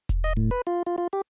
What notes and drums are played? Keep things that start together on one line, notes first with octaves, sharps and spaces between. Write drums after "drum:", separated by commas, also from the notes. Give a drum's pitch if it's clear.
drum: kick E1, hi-hat
D#5
A2
B4
F4
F4
F4
G4